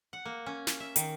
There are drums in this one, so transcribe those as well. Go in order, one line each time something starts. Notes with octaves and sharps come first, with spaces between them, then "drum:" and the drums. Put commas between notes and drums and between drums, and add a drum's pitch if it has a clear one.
F#5
A#3
C#4
drum: snare
E5
D#3, drum: hi-hat